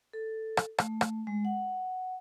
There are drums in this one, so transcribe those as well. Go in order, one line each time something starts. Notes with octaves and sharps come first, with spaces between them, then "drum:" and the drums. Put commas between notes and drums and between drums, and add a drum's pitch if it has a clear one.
A4
drum: rim click
A3, drum: rim click
drum: rim click
G#3
F#5